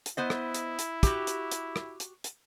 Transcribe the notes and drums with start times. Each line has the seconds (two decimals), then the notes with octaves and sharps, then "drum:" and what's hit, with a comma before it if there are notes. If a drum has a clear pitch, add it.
0.06 drum: hi-hat
0.17 B3 E4 C5 D#5
0.30 drum: rim click
0.54 drum: hi-hat
0.79 drum: hi-hat
1.03 F#4 G4, drum: kick, hi-hat
1.27 drum: hi-hat
1.51 drum: hi-hat
1.76 drum: rim click
2.00 drum: hi-hat
2.24 drum: hi-hat